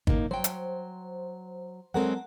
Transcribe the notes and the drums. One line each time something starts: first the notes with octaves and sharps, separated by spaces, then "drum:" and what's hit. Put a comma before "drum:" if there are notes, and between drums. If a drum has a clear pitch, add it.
F#2 A#3 D#4, drum: kick
F#3 C5 G5
drum: hi-hat
F#3 G#3 C4 A4 A#4 F#5